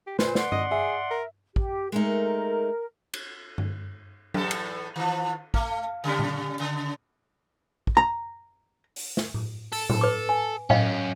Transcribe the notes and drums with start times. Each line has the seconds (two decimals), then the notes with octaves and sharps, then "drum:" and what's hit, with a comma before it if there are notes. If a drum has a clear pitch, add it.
0.07 G4
0.19 A#2 B4 C5, drum: snare
0.35 D5 F#5 C6, drum: snare
0.52 D#5, drum: tom G2
0.71 G#4 E5
1.11 A#4
1.56 G4, drum: kick
1.92 G#3 A3 D#4 A#4
3.14 drum: cymbal
3.58 drum: tom G2
4.34 E2 A2 A4, drum: tom
4.51 drum: cymbal
4.96 D#3 F3
5.54 A3, drum: kick
6.04 C#3 G3 C#4
6.19 drum: tom A#2
6.59 C#3
7.87 drum: kick
7.97 A#5
8.96 drum: open hi-hat
9.17 drum: snare
9.34 drum: tom A2
9.72 A4, drum: open hi-hat
9.90 drum: tom A2
10.01 B4 D6
10.29 G#5
10.70 F#2 C#4 D#5 F5 G5, drum: tom A2